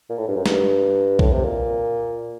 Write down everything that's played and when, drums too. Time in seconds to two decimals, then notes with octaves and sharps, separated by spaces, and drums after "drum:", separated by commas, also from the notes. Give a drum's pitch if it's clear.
0.09 A#2
0.18 A2
0.28 G2
0.37 F#2
0.46 G2, drum: snare
1.19 A2, drum: kick B1
1.31 C3
1.44 A#2